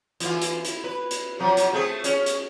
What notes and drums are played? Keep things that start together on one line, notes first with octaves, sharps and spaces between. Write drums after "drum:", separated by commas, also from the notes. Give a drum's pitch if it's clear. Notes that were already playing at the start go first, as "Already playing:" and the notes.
E3 F4, drum: hi-hat
drum: hi-hat
E4, drum: hi-hat
B4
drum: hi-hat
C3 F3 F#3
drum: hi-hat
A3 C4 G#4
C#4, drum: hi-hat
drum: hi-hat